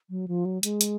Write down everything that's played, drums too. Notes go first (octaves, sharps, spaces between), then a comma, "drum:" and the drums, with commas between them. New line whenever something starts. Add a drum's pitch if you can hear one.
F#3
F3
F#3
G#3, drum: hi-hat
drum: hi-hat